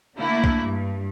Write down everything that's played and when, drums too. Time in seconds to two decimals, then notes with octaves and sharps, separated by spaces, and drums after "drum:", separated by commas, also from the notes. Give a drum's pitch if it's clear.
0.17 D3 A3 A#3 E4
0.44 drum: kick
0.62 G2